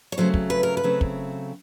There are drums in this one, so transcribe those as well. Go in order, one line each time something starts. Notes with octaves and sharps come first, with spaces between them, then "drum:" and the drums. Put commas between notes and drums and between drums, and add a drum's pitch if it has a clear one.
C#5
C#3 F#3 A3 C4 C5
drum: kick
B4
A#4
B4
C#3 F#3 A3 C4
drum: kick